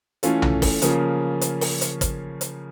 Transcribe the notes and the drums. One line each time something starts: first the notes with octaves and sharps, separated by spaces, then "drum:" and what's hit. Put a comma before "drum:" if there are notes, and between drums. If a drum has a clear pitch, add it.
E3 A3 C#4 F4 A4, drum: hi-hat
drum: tom B1
drum: kick, open hi-hat
C#3 F3 A#3 C#4, drum: hi-hat
drum: hi-hat
drum: open hi-hat
drum: hi-hat
drum: kick, hi-hat
drum: hi-hat